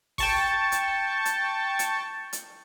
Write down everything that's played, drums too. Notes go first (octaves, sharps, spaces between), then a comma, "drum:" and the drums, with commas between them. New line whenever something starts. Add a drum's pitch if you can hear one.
G5 A5 C#6, drum: kick G#1, open hi-hat
drum: hi-hat
drum: hi-hat
drum: hi-hat
drum: hi-hat